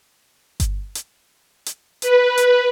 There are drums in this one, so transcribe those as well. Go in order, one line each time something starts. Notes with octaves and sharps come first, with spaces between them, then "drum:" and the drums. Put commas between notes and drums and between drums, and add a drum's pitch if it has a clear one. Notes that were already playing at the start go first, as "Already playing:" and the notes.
drum: kick G1, hi-hat
drum: hi-hat
drum: hi-hat
B4, drum: hi-hat
drum: hi-hat